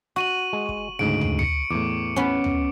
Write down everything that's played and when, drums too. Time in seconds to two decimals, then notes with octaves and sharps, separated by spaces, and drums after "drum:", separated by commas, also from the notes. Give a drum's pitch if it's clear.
0.16 F#4 C#6 D#7 F#7
0.53 G#3
0.69 drum: kick
0.99 D2 G#2 C#3 D7
1.21 drum: tom
1.39 C#7, drum: tom
1.71 E2 A2 D6
2.16 B3 C#4
2.44 drum: tom